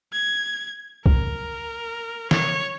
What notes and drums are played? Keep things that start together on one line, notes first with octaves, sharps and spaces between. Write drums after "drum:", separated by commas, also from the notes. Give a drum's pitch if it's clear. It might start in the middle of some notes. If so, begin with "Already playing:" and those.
G#6
A#4, drum: kick
C#5, drum: snare